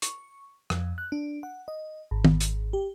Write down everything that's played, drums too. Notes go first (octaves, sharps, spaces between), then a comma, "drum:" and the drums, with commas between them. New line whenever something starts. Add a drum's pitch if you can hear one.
C#6, drum: hi-hat
F2, drum: rim click
F#6
D4
F#5
D#5
G#1
drum: tom
drum: hi-hat
G4